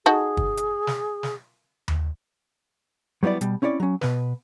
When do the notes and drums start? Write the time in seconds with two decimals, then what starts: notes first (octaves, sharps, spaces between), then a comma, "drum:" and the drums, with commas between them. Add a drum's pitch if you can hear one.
0.06 D#4 F#4 G#4 A4
0.37 drum: kick
0.57 drum: hi-hat
0.87 drum: snare
1.23 drum: snare
1.88 drum: tom D#2
3.23 F#3 G3 B3 E4 D5
3.41 B2 G3, drum: hi-hat
3.62 C4 C#4 E4 C#5 D5
3.80 F#3 C#4
4.01 B2 B4, drum: snare